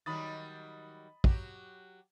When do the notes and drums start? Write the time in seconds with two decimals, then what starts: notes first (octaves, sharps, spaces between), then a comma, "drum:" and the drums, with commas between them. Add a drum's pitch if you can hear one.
0.06 D#3 F#3 G3 B5 D#6 A6
1.24 F#3 F#4 G4, drum: kick